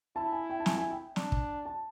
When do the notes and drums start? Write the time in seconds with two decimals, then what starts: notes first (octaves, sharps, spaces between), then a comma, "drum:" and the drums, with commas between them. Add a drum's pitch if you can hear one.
0.16 E4 A5
0.32 G#5
0.50 G5
0.60 A5
0.66 G#5, drum: snare
0.78 G#5
0.90 G5
1.16 D4, drum: snare
1.32 drum: kick
1.66 A5